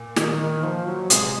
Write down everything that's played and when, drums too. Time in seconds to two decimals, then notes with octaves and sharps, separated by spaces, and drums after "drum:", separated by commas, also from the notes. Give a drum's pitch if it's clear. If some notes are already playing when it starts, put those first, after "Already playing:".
Already playing: A#2
0.16 D#3, drum: snare
0.41 D#3
0.63 F3
0.87 F#3
1.10 C3 G#3, drum: hi-hat